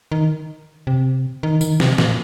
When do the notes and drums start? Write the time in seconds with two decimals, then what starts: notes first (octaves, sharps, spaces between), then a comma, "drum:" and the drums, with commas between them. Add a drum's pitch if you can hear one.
0.12 D#3
0.87 C3
1.43 D#3
1.61 D#3, drum: tambourine
1.80 C3, drum: snare
1.98 A#2, drum: snare